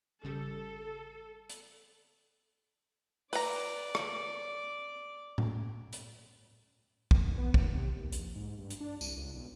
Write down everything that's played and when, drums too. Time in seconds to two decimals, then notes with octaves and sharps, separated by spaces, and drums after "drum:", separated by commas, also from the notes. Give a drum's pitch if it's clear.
0.24 G#1 C#3 G3 A4
1.50 drum: hi-hat
3.33 B4 D5 A#5 D6, drum: open hi-hat
3.95 drum: rim click
5.38 drum: tom A2
5.93 drum: hi-hat
7.11 drum: kick
7.24 C2
7.38 B3
7.54 G#1, drum: kick
7.72 C3
7.96 D#2
8.12 A#1, drum: hi-hat
8.35 G#2
8.58 G2
8.70 drum: hi-hat
8.80 D4
9.01 C2, drum: tambourine
9.16 C#2
9.34 B1